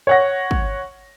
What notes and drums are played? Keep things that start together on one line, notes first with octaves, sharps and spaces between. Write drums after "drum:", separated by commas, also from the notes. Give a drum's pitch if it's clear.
C#5 F#5 A#6
drum: kick